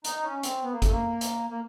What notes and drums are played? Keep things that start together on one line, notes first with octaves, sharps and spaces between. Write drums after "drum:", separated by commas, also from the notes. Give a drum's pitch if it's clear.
D#4, drum: hi-hat
C#4
C4, drum: hi-hat
B3
A#3
A3, drum: kick G#1, hi-hat
A#3
drum: hi-hat
A#3